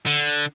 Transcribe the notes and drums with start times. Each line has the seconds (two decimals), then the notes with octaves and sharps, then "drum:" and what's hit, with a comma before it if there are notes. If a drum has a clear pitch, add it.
0.06 D3, drum: tambourine